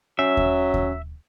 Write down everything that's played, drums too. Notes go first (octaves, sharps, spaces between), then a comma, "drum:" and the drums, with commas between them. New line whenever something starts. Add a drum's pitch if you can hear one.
F#3 C#4 E5
drum: kick D#2
drum: kick D#2